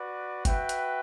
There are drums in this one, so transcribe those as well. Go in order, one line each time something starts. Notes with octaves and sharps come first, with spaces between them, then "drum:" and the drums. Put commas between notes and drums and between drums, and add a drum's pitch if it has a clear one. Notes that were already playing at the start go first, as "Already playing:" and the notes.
Already playing: F#4 B4 D5
F#4 B4 E5 G5, drum: kick G1, hi-hat
drum: hi-hat